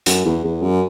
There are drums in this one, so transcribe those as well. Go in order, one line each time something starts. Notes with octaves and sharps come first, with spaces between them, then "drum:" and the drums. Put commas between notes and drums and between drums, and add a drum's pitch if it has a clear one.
F#2, drum: hi-hat
E2
E2
F#2